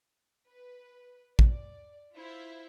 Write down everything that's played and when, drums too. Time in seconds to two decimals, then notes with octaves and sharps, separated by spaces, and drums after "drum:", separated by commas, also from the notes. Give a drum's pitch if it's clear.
0.47 B4
1.39 D5, drum: kick
2.15 E4 F4 C5 E5